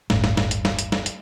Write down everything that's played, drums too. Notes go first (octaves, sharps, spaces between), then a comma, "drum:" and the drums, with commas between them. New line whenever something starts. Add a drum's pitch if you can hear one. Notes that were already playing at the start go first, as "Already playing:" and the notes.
D1 G1 A2 C#4, drum: snare
drum: snare
drum: snare
drum: hi-hat
drum: snare
drum: hi-hat
drum: snare
drum: hi-hat